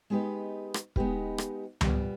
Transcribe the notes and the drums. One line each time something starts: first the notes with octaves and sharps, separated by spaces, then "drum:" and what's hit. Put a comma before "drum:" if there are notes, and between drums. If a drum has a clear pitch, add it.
G#3 B3 D#4 G4 B4
drum: rim click
G#3 B3 D#4 G4 B4, drum: kick
drum: rim click
A#2 G3 B3, drum: tom C#2